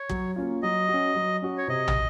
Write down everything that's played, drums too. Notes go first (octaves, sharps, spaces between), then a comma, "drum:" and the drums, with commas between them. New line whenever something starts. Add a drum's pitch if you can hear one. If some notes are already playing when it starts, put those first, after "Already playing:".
Already playing: C#5
F#3, drum: kick
A#3 C#4 F4
F#3 D#5
C#4 F#4
F#3
C#4 F#4
C#5
C3 D#5
drum: tom